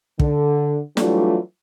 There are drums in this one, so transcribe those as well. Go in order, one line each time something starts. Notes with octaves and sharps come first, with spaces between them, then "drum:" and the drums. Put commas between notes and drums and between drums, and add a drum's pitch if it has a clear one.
D3, drum: kick
E3 F#3 G3 A3 D4 F4, drum: snare